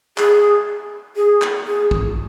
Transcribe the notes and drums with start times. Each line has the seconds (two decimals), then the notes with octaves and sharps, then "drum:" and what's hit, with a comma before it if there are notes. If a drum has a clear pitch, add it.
0.18 G#4, drum: clap
1.16 G#4
1.42 drum: clap
1.67 G#4
1.91 drum: kick